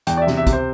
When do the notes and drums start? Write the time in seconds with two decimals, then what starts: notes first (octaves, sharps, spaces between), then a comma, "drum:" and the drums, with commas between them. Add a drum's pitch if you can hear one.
0.07 E2 G5, drum: hi-hat
0.17 D5
0.22 E5
0.27 C3, drum: snare
0.37 E5
0.47 C3, drum: kick, hi-hat
0.53 C5